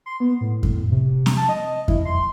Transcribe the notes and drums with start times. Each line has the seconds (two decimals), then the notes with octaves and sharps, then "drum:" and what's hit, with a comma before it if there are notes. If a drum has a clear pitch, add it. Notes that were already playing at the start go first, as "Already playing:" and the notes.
0.06 C6
0.20 B3
0.41 A2
0.63 A2, drum: kick F2
0.91 C3
1.26 drum: snare C4
1.37 A5
1.49 D#5
1.88 E4, drum: kick F2
2.05 C6